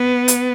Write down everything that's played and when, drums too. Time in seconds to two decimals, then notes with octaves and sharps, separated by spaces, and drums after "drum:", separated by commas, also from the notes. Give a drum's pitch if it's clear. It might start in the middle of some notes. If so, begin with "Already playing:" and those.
Already playing: B3
0.28 drum: hi-hat